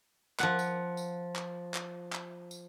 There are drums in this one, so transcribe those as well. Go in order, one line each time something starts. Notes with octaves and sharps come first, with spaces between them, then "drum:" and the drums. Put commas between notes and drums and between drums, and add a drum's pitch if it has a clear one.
F3 F#5, drum: clap
drum: tambourine
drum: tambourine
drum: clap
drum: clap
drum: clap
drum: tambourine